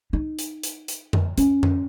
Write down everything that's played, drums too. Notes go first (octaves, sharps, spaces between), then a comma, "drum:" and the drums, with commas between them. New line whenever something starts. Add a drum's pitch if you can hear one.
D#4
drum: hi-hat
drum: hi-hat
drum: hi-hat
drum: tom F2
C#4, drum: hi-hat
drum: tom F2